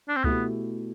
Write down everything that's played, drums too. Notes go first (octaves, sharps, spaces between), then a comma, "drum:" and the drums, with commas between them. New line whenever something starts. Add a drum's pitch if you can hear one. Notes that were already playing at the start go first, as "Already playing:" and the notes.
D4
C4
B2 A3 B3 E4 G4, drum: kick C#2